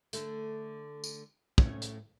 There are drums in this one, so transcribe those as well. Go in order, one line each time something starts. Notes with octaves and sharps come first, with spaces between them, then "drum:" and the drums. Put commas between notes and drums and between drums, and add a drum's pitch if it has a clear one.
D3 A3, drum: hi-hat
drum: tambourine
A2 C#4, drum: kick
drum: hi-hat